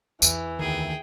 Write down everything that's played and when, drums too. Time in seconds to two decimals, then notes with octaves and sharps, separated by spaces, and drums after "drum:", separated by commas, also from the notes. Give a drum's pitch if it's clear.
0.22 E2 E3, drum: tambourine
0.59 D2 D#3 G#4 G5